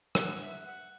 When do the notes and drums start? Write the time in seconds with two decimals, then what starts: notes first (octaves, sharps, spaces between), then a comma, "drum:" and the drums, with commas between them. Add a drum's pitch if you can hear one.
0.15 F#5 F#6, drum: rim click
0.41 E5
0.61 E5
0.66 F#5